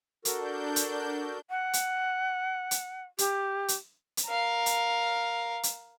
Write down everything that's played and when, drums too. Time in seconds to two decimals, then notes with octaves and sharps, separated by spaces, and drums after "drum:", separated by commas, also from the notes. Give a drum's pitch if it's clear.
0.25 D4 F#4 A4 A#4 G6, drum: hi-hat
0.76 drum: hi-hat
1.49 F#5
1.73 drum: hi-hat
2.71 drum: hi-hat
3.18 G4, drum: hi-hat
3.68 drum: hi-hat
4.17 drum: hi-hat
4.27 A#4 F5
4.66 drum: hi-hat
5.63 drum: hi-hat